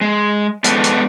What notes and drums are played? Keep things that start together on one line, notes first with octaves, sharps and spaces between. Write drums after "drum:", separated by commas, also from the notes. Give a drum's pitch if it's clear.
G#3
G#3 B3 D4 A4 B4, drum: hi-hat
drum: hi-hat